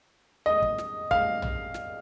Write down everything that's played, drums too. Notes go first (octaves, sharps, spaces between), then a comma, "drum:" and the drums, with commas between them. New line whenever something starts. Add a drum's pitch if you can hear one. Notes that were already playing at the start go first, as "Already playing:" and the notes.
D#5
drum: kick
drum: snare
F5, drum: kick
drum: tom A#1
drum: snare